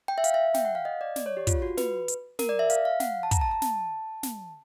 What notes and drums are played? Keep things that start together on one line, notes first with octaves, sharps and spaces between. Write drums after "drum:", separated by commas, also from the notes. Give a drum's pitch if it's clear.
G5
E5
F5, drum: hi-hat
E5
G5, drum: snare
F#5
F5
D#5
D5
D5, drum: snare
C#5
G4
F4, drum: kick, hi-hat
F#4
B4, drum: snare
drum: hi-hat
A#4, drum: snare
D5
E5
F5, drum: hi-hat
F5
F#5, drum: snare
A5
A#5, drum: kick, hi-hat
A5
A5
A5, drum: snare
drum: snare